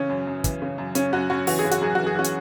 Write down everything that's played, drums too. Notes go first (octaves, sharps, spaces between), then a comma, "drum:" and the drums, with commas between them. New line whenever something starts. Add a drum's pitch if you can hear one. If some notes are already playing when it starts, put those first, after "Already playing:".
Already playing: C#3 E3 C#4
F#2
F#2
E3, drum: kick, hi-hat
C#3
F#2
C#3 C#4, drum: hi-hat
F#2 C#4 F#4
F#2 C#4 F#4
E3 F#4, drum: open hi-hat
G#4
C#3
F#4, drum: hi-hat
F#2 G#4
E3 F#4
G#4
E3 C#4 F#4
drum: hi-hat